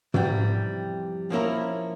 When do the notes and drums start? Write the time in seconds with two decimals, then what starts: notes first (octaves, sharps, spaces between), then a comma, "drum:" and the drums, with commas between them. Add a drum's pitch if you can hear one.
0.14 F2 C3 E3 G3, drum: tom
1.30 F3 A#3 C#4 E4 A#4